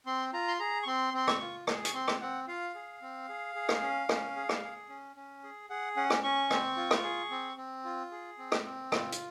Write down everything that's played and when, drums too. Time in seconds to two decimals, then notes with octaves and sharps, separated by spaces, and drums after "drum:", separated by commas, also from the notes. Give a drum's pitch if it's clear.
0.06 C4 C6
0.33 F4 A#5
0.48 C6
0.60 G#4 A#5
0.83 C#6
0.87 C4 C6
1.14 C4 C6
1.27 C#6, drum: rim click
1.41 F4
1.67 G#4, drum: rim click
1.85 C#6, drum: hi-hat
1.94 C4 C6
2.08 drum: rim click
2.21 C4 F#5
2.48 F4 F5
2.75 G#4
3.02 C4
3.29 G#4
3.55 G#4
3.69 drum: rim click
3.82 C#4
4.09 C#4, drum: rim click
4.36 G#4
4.49 drum: rim click
4.63 G#4
4.89 C#4
5.16 C#4
5.44 G#4
5.70 G#4 F#5
5.97 C#4 F#5
6.10 drum: rim click
6.23 C#4 C#6
6.51 C4, drum: rim click
6.77 F4
6.91 drum: rim click
7.04 G#4
7.31 C4
7.57 C4
7.85 F4
8.11 G#4
8.39 C4
8.52 drum: rim click
8.65 C4
8.92 F4, drum: rim click
9.12 drum: hi-hat